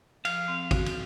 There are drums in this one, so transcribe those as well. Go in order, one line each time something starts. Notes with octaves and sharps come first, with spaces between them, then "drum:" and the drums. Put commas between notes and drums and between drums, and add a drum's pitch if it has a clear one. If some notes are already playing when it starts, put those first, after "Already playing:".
F3 F5, drum: cymbal
C4
F#4, drum: kick G#1, cymbal
drum: cymbal